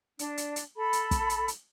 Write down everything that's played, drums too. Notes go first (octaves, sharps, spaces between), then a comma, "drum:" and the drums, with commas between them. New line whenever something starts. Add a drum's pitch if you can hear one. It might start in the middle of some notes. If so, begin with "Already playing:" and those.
D4, drum: hi-hat
drum: hi-hat
drum: hi-hat
A4 B5
drum: hi-hat
drum: kick, hi-hat
drum: hi-hat
drum: hi-hat